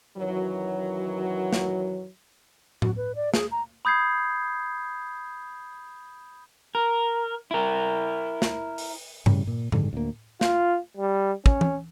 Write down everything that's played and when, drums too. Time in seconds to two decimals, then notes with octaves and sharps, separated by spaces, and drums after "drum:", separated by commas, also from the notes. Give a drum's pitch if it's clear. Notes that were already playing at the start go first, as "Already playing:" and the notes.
0.18 F#2 D#3 E3 F#3
1.53 drum: snare
2.82 F#4, drum: tom A2
2.97 B4
3.15 D5
3.34 G#4, drum: snare
3.51 A#5
3.85 B5 D#6 G6 G#6 C7
6.75 A#4
7.51 E4 A#4
8.42 drum: snare
8.78 drum: open hi-hat
9.26 A2 C#3 G3, drum: tom G2
9.47 A#2
9.72 G2 D3 D#3 G#3, drum: tom A2
9.93 D2 A#3
10.41 F4, drum: snare
10.97 G3
11.46 C#4, drum: kick
11.61 drum: tom